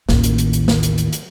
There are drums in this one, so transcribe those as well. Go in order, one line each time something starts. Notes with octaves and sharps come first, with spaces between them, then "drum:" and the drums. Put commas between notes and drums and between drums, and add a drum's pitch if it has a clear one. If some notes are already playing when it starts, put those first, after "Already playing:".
A1 D#2, drum: snare
drum: hi-hat
drum: hi-hat
drum: hi-hat
drum: snare
drum: hi-hat
drum: hi-hat
drum: hi-hat